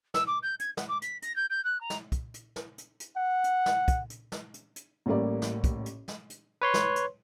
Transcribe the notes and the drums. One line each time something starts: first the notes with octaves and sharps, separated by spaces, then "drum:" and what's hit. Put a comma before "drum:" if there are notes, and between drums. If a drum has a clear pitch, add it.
E6, drum: snare
D6
G6
G#6, drum: hi-hat
F#5, drum: snare
D6
B6, drum: hi-hat
A#6, drum: hi-hat
G6
G6
F#6
A#5
drum: snare
drum: kick, hi-hat
drum: hi-hat
drum: snare
drum: hi-hat
drum: hi-hat
F#5
drum: hi-hat
drum: snare
drum: kick, hi-hat
drum: hi-hat
drum: snare
drum: hi-hat
drum: hi-hat
A1 A2 G3 A#3 D5
drum: snare
drum: kick, hi-hat
drum: hi-hat
drum: snare
drum: hi-hat
B4 C#5 C6
drum: snare
drum: hi-hat